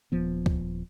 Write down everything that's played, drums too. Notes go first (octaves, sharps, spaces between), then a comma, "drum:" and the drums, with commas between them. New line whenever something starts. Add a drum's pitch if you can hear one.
D#1 F3 B3
drum: kick C#2